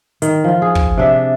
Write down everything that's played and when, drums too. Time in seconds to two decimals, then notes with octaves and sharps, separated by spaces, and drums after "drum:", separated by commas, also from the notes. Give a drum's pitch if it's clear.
0.22 D#3, drum: hi-hat
0.44 F3 F4
0.62 G#4
0.75 drum: kick
0.98 C3 D4 E5